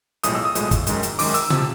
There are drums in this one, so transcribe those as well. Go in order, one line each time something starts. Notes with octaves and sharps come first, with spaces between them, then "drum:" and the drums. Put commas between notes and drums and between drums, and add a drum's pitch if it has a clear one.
B1 A2 F3 G#3 D#6, drum: hi-hat
E6
D#6
B1 A2 F3 G#3, drum: hi-hat
drum: kick, hi-hat
F#2 D#3 G#3, drum: hi-hat
drum: hi-hat
F#2 D#3 G#3 D6, drum: open hi-hat
E6, drum: hi-hat
C3 F3 E6, drum: tom B2